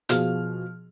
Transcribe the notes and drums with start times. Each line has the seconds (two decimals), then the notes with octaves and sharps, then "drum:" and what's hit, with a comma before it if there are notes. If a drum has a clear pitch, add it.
0.09 B2 F3 G#4 F6, drum: hi-hat